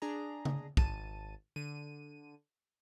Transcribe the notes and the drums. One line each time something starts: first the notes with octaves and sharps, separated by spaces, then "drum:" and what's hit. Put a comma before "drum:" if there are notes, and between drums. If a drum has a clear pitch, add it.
D4 G#4 A#5
drum: tom C#3
G#1 A5 D#7, drum: kick
D3 D#7